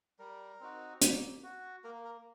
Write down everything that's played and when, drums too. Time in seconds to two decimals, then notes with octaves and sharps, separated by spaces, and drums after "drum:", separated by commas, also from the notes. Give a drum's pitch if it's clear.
0.19 G3 A#4
0.60 C4 D#4 F#4
1.02 A#3, drum: hi-hat
1.43 F#4
1.84 A#3 A#4
2.04 A#4